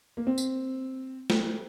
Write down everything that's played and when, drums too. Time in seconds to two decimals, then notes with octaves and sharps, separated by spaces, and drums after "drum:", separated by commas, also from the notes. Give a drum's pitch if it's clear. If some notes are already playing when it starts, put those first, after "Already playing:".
0.17 A#3
0.27 C4
0.38 drum: tambourine
1.30 drum: snare